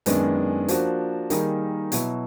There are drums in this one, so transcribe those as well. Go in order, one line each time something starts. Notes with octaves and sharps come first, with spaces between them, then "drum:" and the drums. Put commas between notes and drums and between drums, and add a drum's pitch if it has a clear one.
F#2 D#3 G#3 B3 D4, drum: hi-hat
F3 A#3 D4 F#4, drum: hi-hat
D#3 G3 A#3 D#4 G#4, drum: hi-hat
B2 F#3 B3 E4, drum: hi-hat